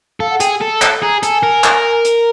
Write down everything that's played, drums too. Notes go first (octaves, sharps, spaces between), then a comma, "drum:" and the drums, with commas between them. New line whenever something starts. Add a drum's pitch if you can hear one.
A4 F5
F#5
G#4 G5, drum: hi-hat
A4
drum: clap
G#4 A#5
A4 G#5, drum: hi-hat
A#4
drum: clap
drum: hi-hat